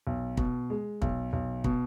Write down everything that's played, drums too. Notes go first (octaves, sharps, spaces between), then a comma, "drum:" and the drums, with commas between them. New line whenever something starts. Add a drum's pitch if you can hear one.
B1
B2, drum: kick
G#3
B1, drum: kick
B1
B2, drum: kick